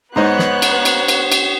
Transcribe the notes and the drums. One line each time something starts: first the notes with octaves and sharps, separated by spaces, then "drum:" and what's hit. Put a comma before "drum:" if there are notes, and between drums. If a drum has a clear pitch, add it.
G#2 B3 D#4 C5 C#5 A#5 D#6 F#6
drum: snare
drum: cymbal
drum: cymbal
drum: cymbal
drum: cymbal